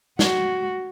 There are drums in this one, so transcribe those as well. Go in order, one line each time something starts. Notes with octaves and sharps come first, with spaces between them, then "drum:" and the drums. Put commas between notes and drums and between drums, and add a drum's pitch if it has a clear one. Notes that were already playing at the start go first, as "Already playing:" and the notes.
F#4, drum: snare